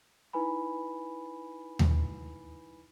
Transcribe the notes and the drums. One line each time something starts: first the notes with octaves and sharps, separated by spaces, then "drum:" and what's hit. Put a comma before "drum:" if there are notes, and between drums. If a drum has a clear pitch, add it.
D#4 E4 B4 G#5 B5
drum: tom D#2